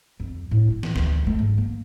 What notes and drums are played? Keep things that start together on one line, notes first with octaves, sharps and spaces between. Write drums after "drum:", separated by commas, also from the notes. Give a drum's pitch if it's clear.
F2
A2
E4
drum: snare
D2, drum: snare
A3
G#2
A#3